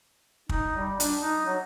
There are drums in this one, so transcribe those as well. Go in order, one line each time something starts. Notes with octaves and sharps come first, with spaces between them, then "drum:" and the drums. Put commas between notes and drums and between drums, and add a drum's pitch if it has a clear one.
D#4, drum: kick
G3
D4, drum: hi-hat
D#4
F#3